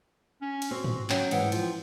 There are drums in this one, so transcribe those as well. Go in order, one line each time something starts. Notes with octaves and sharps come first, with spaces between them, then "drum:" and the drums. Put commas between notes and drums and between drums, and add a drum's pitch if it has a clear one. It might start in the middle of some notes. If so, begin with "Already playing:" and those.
C#4
drum: cymbal
C4 F#4
drum: tom G#2
F#3 C#4 G5, drum: clap
G#2 E3 F#5, drum: cymbal
F3, drum: cymbal